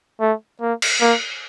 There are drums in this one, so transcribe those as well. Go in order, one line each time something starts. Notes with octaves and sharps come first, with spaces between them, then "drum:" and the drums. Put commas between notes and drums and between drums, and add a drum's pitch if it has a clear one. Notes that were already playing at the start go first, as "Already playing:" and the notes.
A3
A#3
drum: cymbal
A#3